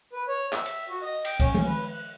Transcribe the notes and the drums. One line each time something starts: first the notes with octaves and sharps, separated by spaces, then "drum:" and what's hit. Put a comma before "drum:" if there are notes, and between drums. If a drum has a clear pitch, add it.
B4
C#5
E5, drum: clap
drum: cymbal
F#4
D#5
G5, drum: cymbal
C#4, drum: kick C#2, cymbal
drum: tom D#3
B4
F#6